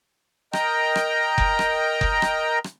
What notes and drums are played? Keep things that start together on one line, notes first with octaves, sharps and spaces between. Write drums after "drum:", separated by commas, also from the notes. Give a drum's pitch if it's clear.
A#4 D#5 G5 A#5, drum: rim click
drum: rim click
drum: kick F#1
drum: rim click
drum: kick F#1
drum: rim click
drum: rim click